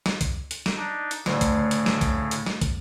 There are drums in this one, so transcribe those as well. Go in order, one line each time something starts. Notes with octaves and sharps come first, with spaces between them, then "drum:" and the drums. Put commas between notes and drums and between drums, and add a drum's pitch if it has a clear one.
drum: snare
drum: kick, hi-hat
drum: hi-hat
drum: snare
D4 D#4
drum: hi-hat
D2 A2 C#3, drum: snare
drum: kick, hi-hat
drum: hi-hat
drum: snare
drum: kick, hi-hat
drum: hi-hat
drum: snare
drum: kick, hi-hat